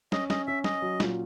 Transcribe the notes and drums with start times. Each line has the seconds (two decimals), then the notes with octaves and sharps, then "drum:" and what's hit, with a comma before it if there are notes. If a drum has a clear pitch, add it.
0.12 C#4 D#5, drum: snare
0.30 C#4 D#5, drum: snare
0.47 C#4 E5
0.64 C#4 D#5, drum: snare
0.82 F#3
1.00 A#2, drum: snare